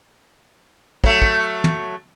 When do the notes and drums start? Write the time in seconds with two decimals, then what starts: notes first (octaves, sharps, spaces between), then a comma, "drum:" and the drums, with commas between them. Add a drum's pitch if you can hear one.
1.04 F#3 A3, drum: kick
1.22 drum: kick
1.64 drum: tom